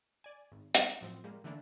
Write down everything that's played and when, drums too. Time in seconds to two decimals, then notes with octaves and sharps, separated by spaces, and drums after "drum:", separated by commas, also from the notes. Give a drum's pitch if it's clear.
0.24 D5 G#5
0.52 G#1
0.75 G3, drum: hi-hat
1.01 F#2 A2 F3 C4
1.24 G3 G#3 A#3
1.44 D3 E3 A3 A#3 D4